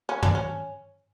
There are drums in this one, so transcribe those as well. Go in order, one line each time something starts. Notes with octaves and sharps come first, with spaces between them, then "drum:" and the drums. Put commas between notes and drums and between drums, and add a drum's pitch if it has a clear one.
C#4
D4, drum: tom
C#4